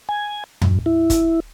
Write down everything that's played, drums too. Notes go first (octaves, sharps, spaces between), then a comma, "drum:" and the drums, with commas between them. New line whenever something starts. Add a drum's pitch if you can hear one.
G#5
F#2, drum: tom
E4
drum: kick, hi-hat